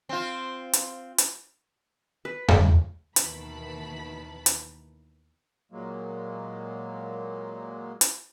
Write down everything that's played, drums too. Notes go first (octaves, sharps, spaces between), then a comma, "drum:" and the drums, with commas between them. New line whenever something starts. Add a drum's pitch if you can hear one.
C4 F4
drum: hi-hat
drum: hi-hat
B4
drum: tom F2
D#2 B2 D#3 E3 A5 B5, drum: hi-hat
drum: hi-hat
A#2 F#3 G#3 A#3
drum: hi-hat